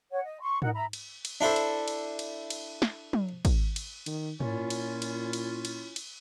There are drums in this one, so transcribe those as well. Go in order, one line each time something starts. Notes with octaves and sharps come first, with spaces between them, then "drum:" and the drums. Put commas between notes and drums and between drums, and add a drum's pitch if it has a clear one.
C#5 F#5
D#5
C6 C#6
D#4 A#4 F#5, drum: tom G#2
E5 A#5 B5
drum: cymbal
drum: cymbal
D4 E4 A4 C5
drum: cymbal
drum: cymbal
drum: cymbal
drum: cymbal
drum: snare
drum: tom
drum: kick, cymbal
drum: cymbal
D#3, drum: cymbal
A#2 C#4 E4 F4, drum: tom G#2
drum: cymbal
drum: cymbal
drum: cymbal
drum: cymbal
drum: cymbal